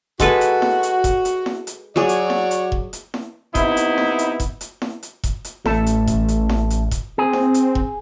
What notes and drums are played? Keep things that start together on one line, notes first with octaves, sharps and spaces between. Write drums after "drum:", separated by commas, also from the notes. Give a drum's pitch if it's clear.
G#3 F#4 A4 B4, drum: kick E1, hi-hat
drum: hi-hat
drum: snare E4
drum: hi-hat
drum: kick E1, hi-hat
drum: hi-hat
drum: snare E4
drum: hi-hat
F#3 F#4 G#4 C#5 D5
drum: hi-hat
drum: snare E4
drum: hi-hat
drum: kick E1
drum: hi-hat
drum: snare E4
C3 B3 D#4 E4, drum: kick E1, hi-hat
drum: hi-hat
drum: snare E4
drum: hi-hat
drum: kick E1, hi-hat
drum: hi-hat
drum: snare E4
drum: hi-hat
drum: kick E1, hi-hat
drum: hi-hat
A1 A3 A4, drum: snare E4
drum: hi-hat
drum: kick E1, hi-hat
drum: hi-hat
drum: snare E4
drum: hi-hat
drum: kick E1, hi-hat
C4 G#4
drum: snare E4
drum: hi-hat
drum: kick E1